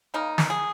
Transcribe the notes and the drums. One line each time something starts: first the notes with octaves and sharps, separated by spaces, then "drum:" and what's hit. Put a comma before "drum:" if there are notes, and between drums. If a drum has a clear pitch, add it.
C#3 A#3 D#4
drum: snare
G#4